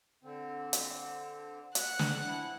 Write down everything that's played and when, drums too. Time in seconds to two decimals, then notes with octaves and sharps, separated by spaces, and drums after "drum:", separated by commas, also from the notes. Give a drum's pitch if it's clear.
0.23 D3 C4
0.73 drum: hi-hat
1.75 F#5 F#6, drum: hi-hat
1.99 drum: snare
2.27 E3 F3 E4